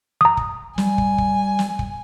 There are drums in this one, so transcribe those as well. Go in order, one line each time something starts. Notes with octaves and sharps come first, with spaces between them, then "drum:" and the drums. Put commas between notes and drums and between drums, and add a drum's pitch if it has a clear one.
A#5 D#6
drum: kick
G3 G#5, drum: snare
drum: kick
drum: kick
drum: snare
drum: kick